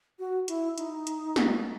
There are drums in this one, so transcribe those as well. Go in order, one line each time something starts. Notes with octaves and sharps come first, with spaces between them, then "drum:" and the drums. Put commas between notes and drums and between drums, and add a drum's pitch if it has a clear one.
F#4
E4, drum: hi-hat
D#4, drum: hi-hat
drum: hi-hat
drum: snare